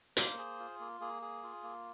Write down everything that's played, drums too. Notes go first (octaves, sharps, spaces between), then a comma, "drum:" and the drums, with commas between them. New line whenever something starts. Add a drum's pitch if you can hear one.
A#3 C5, drum: hi-hat
G#4
F4
A#3
A#3 G#4
G#4
F4
A#3